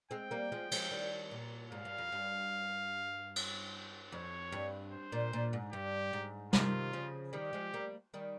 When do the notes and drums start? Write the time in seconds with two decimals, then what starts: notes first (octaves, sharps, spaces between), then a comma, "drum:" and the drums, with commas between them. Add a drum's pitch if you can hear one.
0.11 G#3 C4 G5
0.31 G3 A#3
0.52 F3 G#3
0.71 F3 G#3, drum: cymbal
0.91 D#3 G3
1.31 A#2
1.72 G#2 F5
1.85 G2
1.98 F2
2.12 G2
3.36 drum: cymbal
4.12 F2 C#5
4.52 G2
4.92 C5
5.12 A#2
5.33 A#2
5.53 G#2
5.72 G2 G4
6.13 G#2
6.53 C3 D#3 F4, drum: snare
6.93 C#3 F3
7.33 D#3 G3 G4
7.53 F3 G#3
7.74 G3 A#3
8.14 D#3 G3